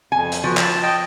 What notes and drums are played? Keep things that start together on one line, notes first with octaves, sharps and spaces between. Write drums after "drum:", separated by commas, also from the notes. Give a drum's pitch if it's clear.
F2 G#5
drum: hi-hat
F3 B3 F#4
A5, drum: clap
D#5 G5 A5